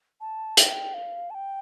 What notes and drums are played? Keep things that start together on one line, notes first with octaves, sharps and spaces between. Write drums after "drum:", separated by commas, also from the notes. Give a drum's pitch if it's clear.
A5
G5, drum: hi-hat
F5
A5
G5